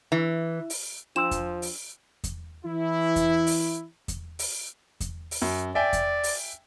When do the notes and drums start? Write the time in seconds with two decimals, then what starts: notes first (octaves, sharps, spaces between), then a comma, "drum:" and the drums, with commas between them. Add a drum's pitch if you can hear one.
0.12 E3
0.70 drum: open hi-hat
1.16 F3 D4 C6 E6 E7
1.31 drum: kick E2, hi-hat
1.62 drum: open hi-hat
2.24 drum: kick E2, hi-hat
2.65 E3 E4
3.16 drum: kick E2, hi-hat
3.47 drum: open hi-hat
4.08 drum: kick E2, hi-hat
4.39 drum: open hi-hat
5.00 drum: kick E2, hi-hat
5.31 drum: open hi-hat
5.42 F#2
5.75 D5 E5 G5 G#5
5.93 drum: kick E2, hi-hat
6.24 drum: open hi-hat